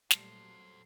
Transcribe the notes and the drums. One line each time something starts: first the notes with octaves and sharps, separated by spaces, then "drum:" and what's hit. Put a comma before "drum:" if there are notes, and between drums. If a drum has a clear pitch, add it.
A#2 F#3 G3 A3 A4 C5 C7, drum: snare